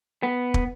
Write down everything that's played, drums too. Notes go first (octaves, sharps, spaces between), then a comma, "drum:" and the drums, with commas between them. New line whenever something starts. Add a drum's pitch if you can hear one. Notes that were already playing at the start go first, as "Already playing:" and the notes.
B3
drum: kick